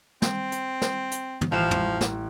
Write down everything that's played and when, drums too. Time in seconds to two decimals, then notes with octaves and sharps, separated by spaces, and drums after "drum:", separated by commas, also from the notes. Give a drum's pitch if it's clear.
0.22 C4, drum: snare
0.52 drum: hi-hat
0.82 drum: snare
1.11 drum: hi-hat
1.41 drum: tom
1.52 A1 F3 F5 E7
1.71 drum: tom
2.01 drum: snare